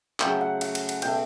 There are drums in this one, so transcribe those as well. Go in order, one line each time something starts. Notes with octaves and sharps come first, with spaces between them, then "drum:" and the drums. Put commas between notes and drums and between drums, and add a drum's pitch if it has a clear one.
C#3 F#3 A3 G5, drum: clap
F#5
F#5, drum: cymbal
drum: cymbal
drum: cymbal
B2 A3 G5, drum: cymbal